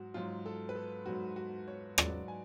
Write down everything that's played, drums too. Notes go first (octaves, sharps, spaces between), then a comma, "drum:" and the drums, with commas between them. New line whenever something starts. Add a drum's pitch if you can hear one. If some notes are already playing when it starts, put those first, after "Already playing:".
Already playing: G#2 F#3 F#4
G#2 F#3 F4
A4
B4
A4
G#2 F#3 F#4
F#4
C#5
G#2 F#3 D5, drum: rim click
G#5